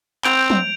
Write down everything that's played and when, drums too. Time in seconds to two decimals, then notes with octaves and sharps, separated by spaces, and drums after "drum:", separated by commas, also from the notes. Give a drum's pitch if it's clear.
0.24 C4 G6 D7 F7, drum: clap
0.50 drum: tom F3